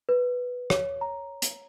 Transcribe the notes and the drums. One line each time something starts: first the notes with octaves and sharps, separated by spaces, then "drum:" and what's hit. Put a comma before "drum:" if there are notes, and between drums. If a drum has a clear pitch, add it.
B4
C#5, drum: rim click
A#5
drum: hi-hat